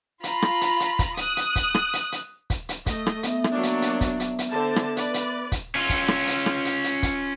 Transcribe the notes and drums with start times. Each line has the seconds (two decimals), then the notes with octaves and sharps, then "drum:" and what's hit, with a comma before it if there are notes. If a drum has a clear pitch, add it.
0.24 F4 A#5 B5, drum: hi-hat
0.42 drum: rim click
0.61 drum: hi-hat
0.80 drum: hi-hat
0.99 drum: kick, hi-hat
1.17 D#6 F#6, drum: hi-hat
1.37 drum: hi-hat
1.56 drum: kick, hi-hat
1.74 drum: rim click
1.93 drum: hi-hat
2.12 drum: hi-hat
2.50 drum: kick, hi-hat
2.69 drum: hi-hat
2.86 A3 D#5, drum: kick, hi-hat
3.06 drum: rim click
3.23 B3 E5, drum: hi-hat
3.44 drum: rim click
3.53 F#3 A#3 D4
3.63 drum: hi-hat
3.82 drum: hi-hat
4.01 drum: kick, hi-hat
4.20 drum: hi-hat
4.39 drum: hi-hat
4.51 D3 C5 A5
4.76 drum: rim click
4.97 B4 D5, drum: hi-hat
5.14 drum: hi-hat
5.52 drum: kick, hi-hat
5.75 C#4 F4
5.89 drum: kick, hi-hat
6.08 drum: rim click
6.27 drum: hi-hat
6.46 drum: rim click
6.65 drum: hi-hat
6.84 drum: hi-hat
7.03 drum: kick, hi-hat